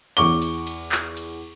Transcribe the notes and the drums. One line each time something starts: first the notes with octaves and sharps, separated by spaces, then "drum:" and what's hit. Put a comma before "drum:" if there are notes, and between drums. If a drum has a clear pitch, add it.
E2 C#6 D6 G7, drum: cymbal
drum: cymbal
drum: cymbal
drum: clap
drum: cymbal